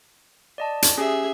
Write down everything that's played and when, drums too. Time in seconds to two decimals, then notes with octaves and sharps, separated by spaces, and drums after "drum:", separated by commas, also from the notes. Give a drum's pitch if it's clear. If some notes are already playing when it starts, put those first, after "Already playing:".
0.58 D5 D#5 A5
0.82 drum: hi-hat
0.98 C#4 G4 G#4 E5